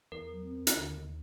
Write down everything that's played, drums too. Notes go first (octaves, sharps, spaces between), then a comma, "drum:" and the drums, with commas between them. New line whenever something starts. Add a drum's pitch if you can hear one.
E2 A#4
F#3
C4
drum: hi-hat
D#2 D3
D#2